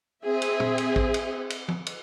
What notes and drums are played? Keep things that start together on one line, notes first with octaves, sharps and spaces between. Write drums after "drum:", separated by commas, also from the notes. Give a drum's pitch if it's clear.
C4 G#4 E5
drum: cymbal
drum: tom
drum: cymbal
drum: kick
drum: cymbal
drum: cymbal
drum: tom
drum: cymbal